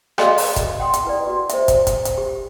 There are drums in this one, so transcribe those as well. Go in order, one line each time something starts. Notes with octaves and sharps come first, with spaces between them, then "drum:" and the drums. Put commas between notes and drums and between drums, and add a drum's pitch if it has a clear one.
F#4 G#4 A4 D5 D#5 F5, drum: rim click
drum: open hi-hat
drum: kick, hi-hat
F#5 G5 C6 D#6
drum: hi-hat
E4 B4 D5
F#4
C5 E5, drum: hi-hat
drum: kick, hi-hat
drum: kick, hi-hat
drum: hi-hat
G4